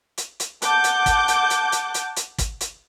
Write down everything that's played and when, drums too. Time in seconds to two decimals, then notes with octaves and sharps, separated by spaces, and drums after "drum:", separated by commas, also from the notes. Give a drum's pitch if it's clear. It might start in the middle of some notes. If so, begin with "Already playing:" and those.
0.18 drum: hi-hat
0.40 drum: hi-hat
0.62 F#5 A5 D6 G6, drum: hi-hat
0.84 drum: hi-hat
1.06 drum: kick, hi-hat
1.28 drum: hi-hat
1.50 drum: hi-hat
1.72 drum: hi-hat
1.94 drum: hi-hat
2.16 drum: hi-hat
2.38 drum: kick, hi-hat
2.61 drum: hi-hat